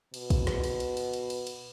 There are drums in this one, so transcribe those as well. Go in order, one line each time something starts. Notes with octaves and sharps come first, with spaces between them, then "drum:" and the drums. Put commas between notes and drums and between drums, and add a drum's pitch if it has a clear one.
B2, drum: cymbal
drum: kick, cymbal
drum: snare
drum: cymbal
drum: cymbal
drum: cymbal
drum: cymbal
drum: cymbal
drum: cymbal